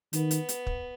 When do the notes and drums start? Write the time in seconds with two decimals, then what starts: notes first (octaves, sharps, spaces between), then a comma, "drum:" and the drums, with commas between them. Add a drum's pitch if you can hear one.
0.13 D#3 B3, drum: hi-hat
0.31 drum: hi-hat
0.49 drum: hi-hat
0.67 drum: kick